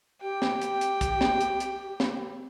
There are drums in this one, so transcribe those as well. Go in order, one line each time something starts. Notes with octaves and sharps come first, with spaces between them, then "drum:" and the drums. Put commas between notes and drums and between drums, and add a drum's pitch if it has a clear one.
G4 G5
drum: snare
drum: hi-hat
drum: hi-hat
drum: kick, hi-hat
drum: snare
drum: hi-hat
drum: hi-hat
drum: snare